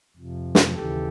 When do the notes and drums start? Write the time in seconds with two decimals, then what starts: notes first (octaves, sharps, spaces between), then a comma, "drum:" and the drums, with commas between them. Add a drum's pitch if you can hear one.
0.16 F2 C3 F3
0.55 drum: snare
0.74 D#2 C#3 E3 G4 A4